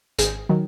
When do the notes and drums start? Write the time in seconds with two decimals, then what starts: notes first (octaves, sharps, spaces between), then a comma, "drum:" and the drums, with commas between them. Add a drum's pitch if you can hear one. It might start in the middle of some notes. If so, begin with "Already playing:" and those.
0.19 G#1 G#4, drum: hi-hat
0.49 D#3 F#3